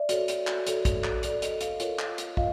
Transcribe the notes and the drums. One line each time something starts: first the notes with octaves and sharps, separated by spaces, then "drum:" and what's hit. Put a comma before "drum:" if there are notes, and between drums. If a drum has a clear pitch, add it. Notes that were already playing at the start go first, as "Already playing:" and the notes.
Already playing: D5 E5
F#4 A4 C#5, drum: hi-hat
drum: hi-hat
drum: clap
F#4 A4 C#5, drum: hi-hat
drum: kick, hi-hat
drum: clap
F#4 A4 C#5 D5, drum: hi-hat
D#5, drum: hi-hat
D#5 F5, drum: hi-hat
F4 A#4 C#5, drum: hi-hat
drum: clap
drum: hi-hat
F4 D#5 F5, drum: kick